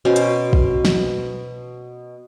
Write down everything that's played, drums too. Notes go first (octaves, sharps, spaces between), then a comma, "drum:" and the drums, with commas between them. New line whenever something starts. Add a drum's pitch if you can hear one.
B2 C#4 C5
drum: hi-hat
drum: kick
drum: snare